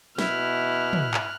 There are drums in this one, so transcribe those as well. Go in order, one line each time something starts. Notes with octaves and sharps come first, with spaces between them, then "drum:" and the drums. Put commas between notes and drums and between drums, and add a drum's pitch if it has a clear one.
B2 E4 F6 F#6, drum: snare
drum: tom
drum: clap